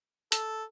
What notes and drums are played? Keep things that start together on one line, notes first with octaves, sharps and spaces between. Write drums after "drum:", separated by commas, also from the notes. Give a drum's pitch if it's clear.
A4, drum: hi-hat